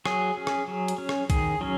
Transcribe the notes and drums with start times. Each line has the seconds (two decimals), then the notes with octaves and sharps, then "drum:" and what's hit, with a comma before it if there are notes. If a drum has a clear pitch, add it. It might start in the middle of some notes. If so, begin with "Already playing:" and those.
0.05 F#3 G#4, drum: rim click
0.37 C#4
0.47 drum: rim click
0.68 F#3
0.88 drum: hi-hat
0.98 C#4
1.09 drum: rim click
1.30 D#3 G#4, drum: kick B1, hi-hat
1.61 F#3 C#4